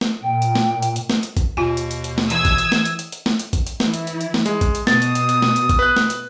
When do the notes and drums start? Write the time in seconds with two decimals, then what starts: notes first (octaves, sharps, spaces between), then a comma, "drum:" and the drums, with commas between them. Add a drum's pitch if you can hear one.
0.01 drum: snare
0.23 A#2 G5
0.42 drum: hi-hat
0.55 drum: snare
0.82 drum: hi-hat
0.96 drum: hi-hat
1.10 drum: snare
1.23 drum: hi-hat
1.37 drum: kick G#1, hi-hat
1.57 D#2 B2 F4 G#5
1.77 drum: hi-hat
1.91 drum: hi-hat
2.04 drum: hi-hat
2.18 drum: snare
2.30 E3 D#6 E6 G#6, drum: hi-hat
2.45 drum: kick G#1, hi-hat
2.58 drum: hi-hat
2.72 drum: snare
2.85 drum: hi-hat
2.99 drum: hi-hat
3.12 drum: hi-hat
3.26 drum: snare
3.39 drum: hi-hat
3.53 drum: kick G#1, hi-hat
3.67 drum: hi-hat
3.80 E3 E4, drum: snare
3.94 drum: hi-hat
4.07 drum: hi-hat
4.21 drum: hi-hat
4.34 drum: snare
4.46 G#3, drum: hi-hat
4.61 drum: kick G#1, hi-hat
4.75 drum: hi-hat
4.87 B2 D#6 A6, drum: snare
5.02 drum: hi-hat
5.15 drum: hi-hat
5.29 drum: hi-hat
5.42 drum: snare
5.56 drum: hi-hat
5.69 drum: kick G#1, hi-hat
5.79 B4 F#6
5.97 drum: snare
6.10 drum: hi-hat